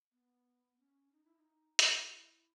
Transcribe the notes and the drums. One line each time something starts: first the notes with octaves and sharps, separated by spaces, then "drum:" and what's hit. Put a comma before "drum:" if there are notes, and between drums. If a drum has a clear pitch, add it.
B3
C#4
D#4
E4
D#4
E4, drum: hi-hat